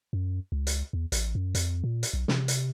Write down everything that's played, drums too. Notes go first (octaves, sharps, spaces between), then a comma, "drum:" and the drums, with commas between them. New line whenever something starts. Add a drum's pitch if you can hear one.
F#2
C#2
drum: hi-hat
E2
A1, drum: hi-hat
F#2
F2, drum: hi-hat
A#2
drum: hi-hat
B1
C3, drum: snare
drum: hi-hat